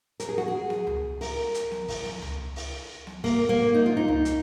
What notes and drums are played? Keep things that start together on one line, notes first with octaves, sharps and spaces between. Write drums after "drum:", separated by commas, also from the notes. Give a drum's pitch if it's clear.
A#4, drum: hi-hat
G#4
F#4, drum: snare B3
G#4
drum: snare B3
drum: tom C#2
A#4, drum: open hi-hat
drum: hi-hat
drum: snare B3
drum: kick, open hi-hat
drum: snare B3
drum: tom C#2
drum: open hi-hat
drum: snare B3
A#3, drum: kick, open hi-hat
A#3
D#4
F4
D#4
drum: tom C#2
drum: hi-hat